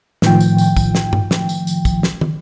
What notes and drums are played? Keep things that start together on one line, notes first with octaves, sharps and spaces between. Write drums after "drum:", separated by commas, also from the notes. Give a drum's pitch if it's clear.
A2 D#3 F3 G5, drum: snare
drum: tambourine
drum: tambourine
drum: kick, tambourine
drum: snare
drum: tom G2
drum: snare
drum: tambourine
drum: tambourine
drum: kick, tambourine
drum: snare
drum: tom